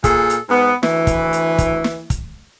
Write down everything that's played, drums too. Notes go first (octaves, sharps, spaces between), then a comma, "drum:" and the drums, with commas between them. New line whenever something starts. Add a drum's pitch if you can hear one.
A#2 G#4 A4, drum: kick, hi-hat
drum: hi-hat
G#2 B3
D2 E3, drum: snare
drum: kick, hi-hat
drum: hi-hat
drum: kick, hi-hat
drum: snare
drum: kick, hi-hat